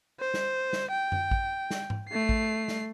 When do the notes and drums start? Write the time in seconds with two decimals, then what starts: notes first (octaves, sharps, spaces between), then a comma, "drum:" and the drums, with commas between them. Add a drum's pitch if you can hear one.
0.20 C5
0.34 drum: snare
0.73 drum: snare
0.91 G5
1.12 drum: tom F#2
1.31 drum: kick A1
1.71 drum: snare
1.90 drum: tom G#2
2.10 A3 C7
2.29 drum: kick A1
2.68 drum: snare